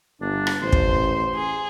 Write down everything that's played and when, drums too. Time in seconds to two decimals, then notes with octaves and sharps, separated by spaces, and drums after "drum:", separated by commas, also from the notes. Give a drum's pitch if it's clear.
0.21 G1 D4
0.47 drum: rim click
0.62 A1 C5 C6
0.73 drum: kick
1.35 G#4